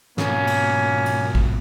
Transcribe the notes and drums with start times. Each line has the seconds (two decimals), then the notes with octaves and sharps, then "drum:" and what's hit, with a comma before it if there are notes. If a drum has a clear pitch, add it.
0.18 G#2 B2 A#3 C#4, drum: snare
0.47 drum: cymbal
1.06 drum: cymbal
1.35 drum: kick A1